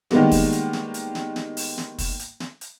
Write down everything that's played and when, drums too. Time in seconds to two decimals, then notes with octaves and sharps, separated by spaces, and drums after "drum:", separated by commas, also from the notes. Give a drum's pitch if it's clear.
0.11 D#3 G3 G#3 A#3 B3, drum: snare
0.31 drum: kick, open hi-hat
0.52 drum: hi-hat
0.73 drum: snare
0.94 drum: hi-hat
1.15 drum: snare
1.36 drum: snare
1.57 drum: open hi-hat
1.78 drum: snare
1.98 drum: kick, open hi-hat
2.19 drum: hi-hat
2.40 drum: snare
2.61 drum: hi-hat